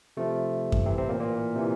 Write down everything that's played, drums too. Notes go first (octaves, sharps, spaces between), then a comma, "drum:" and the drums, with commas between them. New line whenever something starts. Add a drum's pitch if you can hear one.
C3 F3 A3
drum: kick F#2
A2 C3 E3 C4
C3 C4
A#2 A#3
A#2 A#3
C3 E3